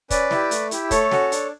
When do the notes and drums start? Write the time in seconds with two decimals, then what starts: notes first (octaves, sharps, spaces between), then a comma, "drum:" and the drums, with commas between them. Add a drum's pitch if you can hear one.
0.10 C#4 B4 D5, drum: kick, hi-hat
0.31 E4 G4, drum: snare
0.51 A3, drum: hi-hat
0.71 E4 G4, drum: hi-hat
0.91 A3 A4 C#5, drum: kick, hi-hat
1.11 C#4 F#4, drum: snare
1.32 D4, drum: hi-hat